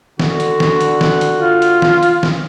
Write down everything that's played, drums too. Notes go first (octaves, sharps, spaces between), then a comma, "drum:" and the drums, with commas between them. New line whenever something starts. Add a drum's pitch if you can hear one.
D3 F#4, drum: snare
drum: hi-hat
drum: snare
drum: hi-hat
drum: snare
drum: hi-hat
F4
drum: hi-hat
drum: snare
drum: hi-hat
drum: snare